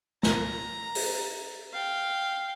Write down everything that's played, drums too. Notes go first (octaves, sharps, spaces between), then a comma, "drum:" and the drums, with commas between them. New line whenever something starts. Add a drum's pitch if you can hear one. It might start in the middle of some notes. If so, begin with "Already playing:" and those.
A#5, drum: snare
drum: open hi-hat
F5 G5